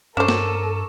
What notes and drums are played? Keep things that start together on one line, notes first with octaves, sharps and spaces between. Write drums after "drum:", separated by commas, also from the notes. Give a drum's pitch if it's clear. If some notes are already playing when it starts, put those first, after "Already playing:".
G2 C#4 A4 A#4 C5 C#6 D6 E7
drum: snare